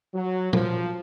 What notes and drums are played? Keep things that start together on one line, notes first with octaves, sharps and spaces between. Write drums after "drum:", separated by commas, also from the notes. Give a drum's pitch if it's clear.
F#3
F3, drum: tom